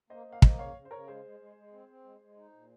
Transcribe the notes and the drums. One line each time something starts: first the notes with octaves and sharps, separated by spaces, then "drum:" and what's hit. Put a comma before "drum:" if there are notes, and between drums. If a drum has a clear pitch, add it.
A#3 C5 D#5
A#3
F5
A#3 C5 D#5, drum: kick
C#3 C#5 F5
C#3
C5
C#3 A#4 C#5
G#3 G#4 C5
G#3
G#3
G#3
C4
C4
G#3
G#3
D#4
A#2